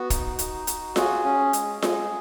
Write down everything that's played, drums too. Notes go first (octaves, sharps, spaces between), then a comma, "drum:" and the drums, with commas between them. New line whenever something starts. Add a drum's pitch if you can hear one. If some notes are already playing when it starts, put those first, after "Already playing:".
Already playing: B3 F#4
D#4, drum: kick, hi-hat
D#4, drum: hi-hat
F#4, drum: hi-hat
F4 G#4, drum: snare F4
C#4
G#3, drum: hi-hat
G#3, drum: snare F4